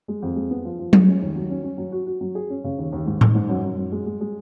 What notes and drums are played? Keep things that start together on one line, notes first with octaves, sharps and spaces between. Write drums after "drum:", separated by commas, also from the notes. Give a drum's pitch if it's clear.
G#3
F2
G#3
B3
F3
F3
G#3, drum: tom F#3
C#4
D#2
F#3
C#4
C#4
F#3
F#4
F#4
F#3
G#4
C#4
C#3
D#2
D#2
G#2
G#2, drum: tom A2
G#2
F#2
F#2
F#2
G#3
G#3
G#3